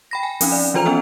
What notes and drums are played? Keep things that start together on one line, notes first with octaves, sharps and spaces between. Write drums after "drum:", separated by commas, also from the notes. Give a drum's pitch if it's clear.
G5 B5 A#6
G#5
F3 C4 C#4 D#4, drum: open hi-hat
D5
E3 F3 F4 C5 A#5 F7
B3 C#4 A4 F6